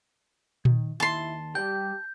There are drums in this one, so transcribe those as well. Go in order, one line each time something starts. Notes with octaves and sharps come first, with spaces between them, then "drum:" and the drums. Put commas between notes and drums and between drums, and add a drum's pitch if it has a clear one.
D#3, drum: tom A#2
D#2 E4 A5 C6
G3 G4 D5 G5 G6